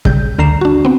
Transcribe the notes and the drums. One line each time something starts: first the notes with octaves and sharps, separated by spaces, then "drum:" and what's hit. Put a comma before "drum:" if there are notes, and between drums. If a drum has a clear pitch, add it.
C#3 G3 G6, drum: kick
D2 D3 A#5 C7 E7
D4 F#4
B3 C4